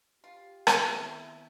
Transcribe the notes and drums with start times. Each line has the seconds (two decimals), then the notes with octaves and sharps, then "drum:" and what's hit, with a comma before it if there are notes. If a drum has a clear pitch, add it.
0.24 F4 G4
0.67 D#3 B3 C4 E4, drum: rim click